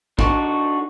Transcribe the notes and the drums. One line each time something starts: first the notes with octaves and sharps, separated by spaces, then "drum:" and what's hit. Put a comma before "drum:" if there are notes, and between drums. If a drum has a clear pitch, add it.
D4 D#4 F#4 A4 C#5, drum: kick